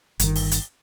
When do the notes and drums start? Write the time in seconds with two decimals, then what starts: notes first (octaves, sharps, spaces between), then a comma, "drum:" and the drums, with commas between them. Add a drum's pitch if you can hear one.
0.19 G1 D#3, drum: hi-hat
0.35 drum: open hi-hat
0.51 drum: hi-hat